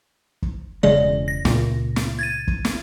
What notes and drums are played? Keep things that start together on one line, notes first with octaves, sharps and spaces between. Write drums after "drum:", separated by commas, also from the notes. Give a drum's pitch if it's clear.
drum: kick
E1 C#3 G#3 D5
A#6
C#2 A#2, drum: snare
drum: snare
G#6 A6 D#7
drum: kick
drum: snare